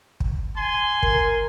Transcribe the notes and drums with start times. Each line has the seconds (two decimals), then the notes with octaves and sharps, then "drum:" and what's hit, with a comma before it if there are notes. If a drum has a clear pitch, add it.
0.20 drum: kick
0.56 G#5 C6
1.03 A#4, drum: kick